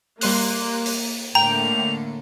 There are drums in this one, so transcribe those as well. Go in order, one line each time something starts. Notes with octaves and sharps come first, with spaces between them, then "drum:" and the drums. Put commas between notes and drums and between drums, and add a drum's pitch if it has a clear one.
G3 A#3 C6 F#6, drum: open hi-hat
drum: open hi-hat
A2 D3 A#3 G5 A#5 F7